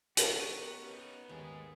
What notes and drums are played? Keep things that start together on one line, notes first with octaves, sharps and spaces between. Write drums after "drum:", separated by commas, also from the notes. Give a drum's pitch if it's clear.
B3 F#4 G4 A#4, drum: hi-hat
B3 C#4 D#4
D#2 G#3 D#4 G#4